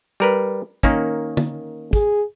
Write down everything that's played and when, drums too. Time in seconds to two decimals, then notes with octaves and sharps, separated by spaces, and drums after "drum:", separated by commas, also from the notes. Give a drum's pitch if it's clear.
0.20 G3 A#4 B4
0.83 D#3 A#3 C#4, drum: kick
1.37 drum: tom D3
1.93 G#4, drum: kick